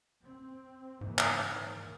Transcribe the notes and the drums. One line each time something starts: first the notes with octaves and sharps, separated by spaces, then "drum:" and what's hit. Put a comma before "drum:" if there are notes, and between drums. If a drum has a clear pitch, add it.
C4
G#2 C#3 E3 A#3
drum: clap
D#3 G#3